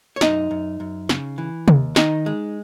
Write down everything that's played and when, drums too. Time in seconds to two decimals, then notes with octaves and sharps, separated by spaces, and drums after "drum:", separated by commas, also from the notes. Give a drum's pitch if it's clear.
0.16 C#5
0.21 F#2 D#4 D#5, drum: snare
0.51 F#2
0.80 F#2
1.09 C#3, drum: snare
1.38 E3
1.68 D#2, drum: tom C3
1.96 D#3 D#4 D#5, drum: snare
2.26 G#3